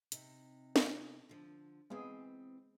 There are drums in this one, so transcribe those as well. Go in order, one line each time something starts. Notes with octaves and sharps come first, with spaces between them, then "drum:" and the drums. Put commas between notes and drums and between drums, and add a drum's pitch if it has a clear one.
C3 D#4, drum: hi-hat
drum: snare
D3 F3
E3 G#3 B3 C4 G#4